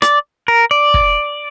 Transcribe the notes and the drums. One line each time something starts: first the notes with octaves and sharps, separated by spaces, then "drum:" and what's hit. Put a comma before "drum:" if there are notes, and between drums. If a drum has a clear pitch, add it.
D5, drum: rim click
A#4
D5
drum: kick